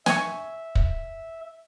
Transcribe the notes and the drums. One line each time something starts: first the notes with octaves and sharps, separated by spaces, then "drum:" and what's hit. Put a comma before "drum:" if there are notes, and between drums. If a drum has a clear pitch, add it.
E5 G#5 C#6, drum: snare
drum: kick